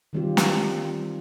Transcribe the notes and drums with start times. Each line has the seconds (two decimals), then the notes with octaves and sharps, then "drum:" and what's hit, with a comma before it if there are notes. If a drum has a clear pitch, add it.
0.13 D#3 E3 G3 C4 F4 G4
0.37 drum: snare